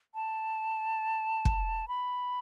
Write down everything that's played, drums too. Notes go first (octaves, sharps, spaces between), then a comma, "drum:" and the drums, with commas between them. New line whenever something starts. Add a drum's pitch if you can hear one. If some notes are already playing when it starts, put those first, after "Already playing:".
A5
drum: kick
B5